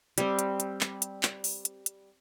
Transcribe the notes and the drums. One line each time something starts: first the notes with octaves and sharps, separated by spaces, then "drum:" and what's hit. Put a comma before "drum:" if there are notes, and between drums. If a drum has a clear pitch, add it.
G3 C4, drum: hi-hat
drum: hi-hat
drum: hi-hat
drum: clap
drum: hi-hat
drum: clap
drum: open hi-hat
drum: hi-hat
drum: hi-hat